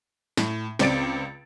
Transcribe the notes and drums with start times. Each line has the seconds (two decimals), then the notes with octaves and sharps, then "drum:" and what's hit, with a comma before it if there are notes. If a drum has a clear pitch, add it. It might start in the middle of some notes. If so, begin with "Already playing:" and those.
0.37 A2, drum: snare
0.79 C#2 C4 D5 A6 D7, drum: snare